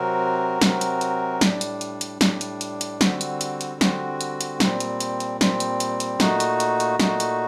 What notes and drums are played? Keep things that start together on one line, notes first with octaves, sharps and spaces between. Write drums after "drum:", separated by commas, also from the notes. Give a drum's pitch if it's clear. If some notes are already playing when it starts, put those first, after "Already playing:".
Already playing: C3 F#3 C4 F#4 A#4
C3 F#3 C4 F#4 A#4, drum: snare
drum: hi-hat
drum: hi-hat
A2 G3 D4, drum: snare
drum: hi-hat
drum: hi-hat
drum: hi-hat
A2 G3 D4, drum: snare
drum: hi-hat
drum: hi-hat
drum: hi-hat
D3 G3 C4 F#4, drum: snare
drum: hi-hat
drum: hi-hat
drum: hi-hat
D3 G3 C4 F#4, drum: snare
drum: hi-hat
drum: hi-hat
A#2 G3 C4, drum: snare
drum: hi-hat
drum: hi-hat
drum: hi-hat
A#2 G3 C4, drum: snare
drum: hi-hat
drum: hi-hat
drum: hi-hat
A#2 A3 D#4 F#4, drum: snare
drum: hi-hat
drum: hi-hat
drum: hi-hat
A#2 A3 D#4 F#4, drum: snare
drum: hi-hat